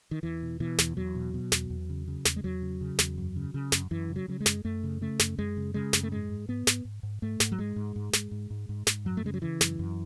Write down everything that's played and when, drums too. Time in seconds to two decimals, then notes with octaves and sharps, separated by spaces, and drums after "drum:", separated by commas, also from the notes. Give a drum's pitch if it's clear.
0.11 D#3
0.23 E2 E3
0.42 B2
0.60 B2 E3
0.78 E2, drum: snare
0.97 E2 F#3
1.15 B2
1.34 B2
1.52 E2, drum: snare
1.70 E2
1.89 C#3
2.08 C#3
2.25 E2, drum: snare
2.36 G#3
2.44 E2 F#3
2.62 C#3
2.81 C#3
2.99 E2, drum: snare
3.18 F#2
3.36 C#3
3.54 C#3
3.72 F#2, drum: snare
3.91 F#2 E3
4.09 C#3
4.16 F#3
4.28 C#3 F#3
4.40 G#3
4.46 F#2, drum: snare
4.65 F#2 A3
4.83 C#3
5.01 C#3 A3
5.19 F#2, drum: snare
5.38 F#2 G#3
5.57 C#3
5.74 C#3 G#3
5.93 F#2, drum: snare
6.03 A3
6.11 G#2 G#3
6.29 G#2
6.48 G#2 B3
6.67 G#2, drum: snare
6.85 G#2
7.03 G#2
7.22 G#2 A3
7.40 G#2, drum: snare
7.52 F#3
7.58 G#2 G#3
7.76 G#2
7.96 G#2
8.13 G#2, drum: snare
8.31 G#2
8.50 G#2
8.69 G#2
8.87 G#2, drum: snare
9.05 F#2 F#3
9.17 A3
9.24 C#3 G#3
9.34 F#3
9.42 C#3 E3
9.61 F#2, drum: snare
9.79 F#2